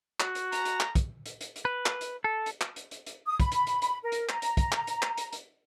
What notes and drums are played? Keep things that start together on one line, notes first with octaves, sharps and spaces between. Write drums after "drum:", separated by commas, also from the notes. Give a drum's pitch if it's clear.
F#4, drum: clap
drum: hi-hat
A#5, drum: hi-hat
drum: hi-hat
drum: clap
drum: kick, hi-hat
drum: hi-hat
drum: hi-hat
drum: hi-hat
B4
drum: clap
drum: hi-hat
A4
drum: hi-hat
drum: clap
drum: hi-hat
drum: hi-hat
drum: hi-hat
D#6
B5, drum: kick, hi-hat
drum: hi-hat
drum: hi-hat
drum: hi-hat
A#4
drum: hi-hat
A#5, drum: clap
drum: hi-hat
drum: kick, hi-hat
drum: clap
drum: hi-hat
drum: clap
drum: hi-hat
drum: hi-hat